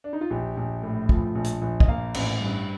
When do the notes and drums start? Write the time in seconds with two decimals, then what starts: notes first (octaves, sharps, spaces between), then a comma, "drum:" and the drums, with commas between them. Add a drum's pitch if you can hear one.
0.04 D4
0.13 D#4
0.21 F4
0.30 A#1 G4
0.57 A#1
0.83 A2
1.09 F3, drum: kick
1.35 A#1
1.44 drum: hi-hat
1.62 A#1
1.80 D#5, drum: kick
1.88 A#3 F5
2.14 A1, drum: cymbal
2.41 G2